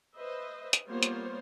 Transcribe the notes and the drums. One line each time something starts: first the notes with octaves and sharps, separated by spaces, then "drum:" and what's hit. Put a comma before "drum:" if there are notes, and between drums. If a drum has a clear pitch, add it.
B4 C5 D#5 E5
drum: hi-hat
G3 A#3 B3 F4 C5 C#5
drum: hi-hat